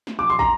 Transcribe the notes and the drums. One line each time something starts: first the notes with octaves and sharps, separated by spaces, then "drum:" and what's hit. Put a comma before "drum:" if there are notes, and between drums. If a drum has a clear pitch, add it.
drum: snare
D6
C6
A#5, drum: kick